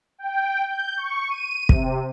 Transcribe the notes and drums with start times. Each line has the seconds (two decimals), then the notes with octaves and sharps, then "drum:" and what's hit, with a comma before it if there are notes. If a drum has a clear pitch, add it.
0.18 G5
0.68 G6
0.97 C#6
1.29 D#7
1.69 C3, drum: kick